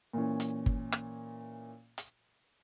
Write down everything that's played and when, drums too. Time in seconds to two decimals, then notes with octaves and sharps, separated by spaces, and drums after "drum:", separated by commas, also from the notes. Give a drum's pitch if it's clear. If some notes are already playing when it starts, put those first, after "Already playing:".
0.13 A#2 E3 C#4
0.40 drum: hi-hat
0.66 drum: kick G1
0.92 drum: rim click
1.98 drum: hi-hat